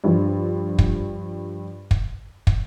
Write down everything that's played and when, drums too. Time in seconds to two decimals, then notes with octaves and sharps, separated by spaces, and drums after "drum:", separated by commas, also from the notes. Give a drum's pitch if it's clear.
0.04 G2 F3
0.79 drum: kick
1.91 drum: kick
2.47 drum: kick